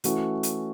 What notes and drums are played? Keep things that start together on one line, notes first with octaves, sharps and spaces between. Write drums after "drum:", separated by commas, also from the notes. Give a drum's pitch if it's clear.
E3 A3 C#4 F#4, drum: hi-hat
drum: hi-hat